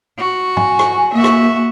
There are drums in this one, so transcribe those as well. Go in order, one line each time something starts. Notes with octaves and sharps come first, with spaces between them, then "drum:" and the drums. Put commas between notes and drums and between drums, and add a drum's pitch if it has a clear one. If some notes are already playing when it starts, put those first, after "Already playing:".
F#4
G#5, drum: tom
drum: rim click
A#3 F#4 E5
drum: rim click